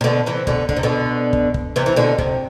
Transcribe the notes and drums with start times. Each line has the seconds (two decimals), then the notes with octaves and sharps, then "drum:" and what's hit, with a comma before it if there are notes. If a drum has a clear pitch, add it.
0.01 C3
0.04 B2 D3
0.26 C3 E3
0.47 B2 D3, drum: kick
0.69 D3, drum: kick
0.77 C3
0.83 B2 D3
1.33 drum: kick
1.54 drum: kick
1.76 C3 E3
1.86 E3
1.96 B2 D3
2.18 C3, drum: kick